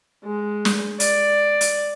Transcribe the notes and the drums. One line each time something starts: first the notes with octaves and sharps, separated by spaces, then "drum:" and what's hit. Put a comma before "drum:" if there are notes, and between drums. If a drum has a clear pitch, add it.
G#3
drum: snare
D5, drum: hi-hat
drum: hi-hat